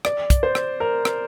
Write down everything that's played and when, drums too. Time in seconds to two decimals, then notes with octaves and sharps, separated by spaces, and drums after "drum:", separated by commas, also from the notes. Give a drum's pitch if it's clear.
0.05 D5, drum: rim click
0.30 drum: kick, hi-hat
0.43 C5
0.55 drum: rim click
0.80 A#4
1.05 drum: rim click